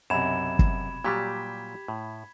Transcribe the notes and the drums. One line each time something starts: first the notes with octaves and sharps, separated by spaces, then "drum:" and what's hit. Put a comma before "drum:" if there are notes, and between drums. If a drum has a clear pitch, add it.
B1 F#2 C3 B5 G#6 E7
drum: kick
A#2 F#3 G3 G4 G#6 B6
A2